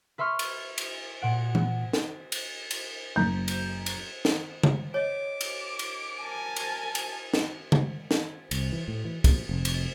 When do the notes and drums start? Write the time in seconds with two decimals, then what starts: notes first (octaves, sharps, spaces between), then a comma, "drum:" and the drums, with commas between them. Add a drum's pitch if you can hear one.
0.18 B4 E5 C6 C#6 F6
0.39 drum: cymbal
0.78 drum: cymbal
1.22 A#2 F#5 D7
1.55 drum: tom E3
1.93 drum: snare
2.32 drum: cymbal
2.71 drum: cymbal
3.16 F#1 A#5 G6
3.48 drum: cymbal
3.86 drum: cymbal
4.25 drum: snare
4.63 drum: tom C#3
4.94 C#5 D#5 D6
5.41 drum: cymbal
5.79 drum: cymbal
6.22 A#4 G#5 A5
6.56 drum: cymbal
6.95 drum: cymbal
7.34 drum: snare
7.72 drum: tom C#3
8.11 drum: snare
8.51 C2, drum: cymbal
8.72 E3
8.88 A2
9.05 E3
9.24 A#1, drum: kick, cymbal
9.49 F1
9.65 drum: cymbal